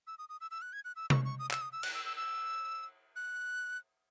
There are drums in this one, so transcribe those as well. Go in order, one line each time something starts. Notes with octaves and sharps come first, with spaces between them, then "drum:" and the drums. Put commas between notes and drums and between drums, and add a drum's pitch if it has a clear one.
E6
D#6
D#6
E6
E6
F#6
G#6
F#6
E6
C#6, drum: tom C3
C#6
D#6
E6, drum: clap
D#6
E6
F#6, drum: cymbal
E6
E6
E6
F#6